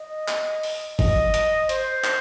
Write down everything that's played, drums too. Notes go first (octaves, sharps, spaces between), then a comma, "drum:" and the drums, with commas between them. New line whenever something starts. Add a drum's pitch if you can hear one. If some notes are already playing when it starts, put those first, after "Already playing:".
Already playing: D#5
drum: clap
drum: open hi-hat
D#5, drum: kick G1, open hi-hat
drum: hi-hat
C5, drum: hi-hat
drum: clap